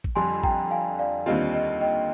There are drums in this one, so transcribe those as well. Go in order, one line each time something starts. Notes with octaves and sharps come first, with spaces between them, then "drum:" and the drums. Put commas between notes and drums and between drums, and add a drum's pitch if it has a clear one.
drum: kick A1
F2 D3 G3 D4 G#5 C6
G5 A#5, drum: kick A1
F5 G#5
D5 F5
D#2 D3 G3 C4 F4 D#5
D#5
D#5 G5